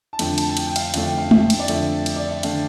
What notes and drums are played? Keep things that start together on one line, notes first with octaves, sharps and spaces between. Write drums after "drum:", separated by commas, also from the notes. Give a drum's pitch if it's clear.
A5
F2 D3 A3 D4 G5, drum: cymbal
A5, drum: cymbal
A5
G5, drum: cymbal
G5
F5, drum: cymbal
F2 D3 A3 D4 F5, drum: cymbal
G5
F5
E5, drum: tom G#3
drum: cymbal
D5
F2 D3 A3 D4 E5, drum: cymbal
drum: cymbal
D5
E5
D3 A3 D4 F5, drum: cymbal